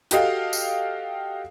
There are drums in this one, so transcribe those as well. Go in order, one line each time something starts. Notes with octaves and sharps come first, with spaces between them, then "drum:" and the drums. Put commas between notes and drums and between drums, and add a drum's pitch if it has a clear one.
F#4 G4 A4 D#5 F5 G5, drum: hi-hat
drum: tambourine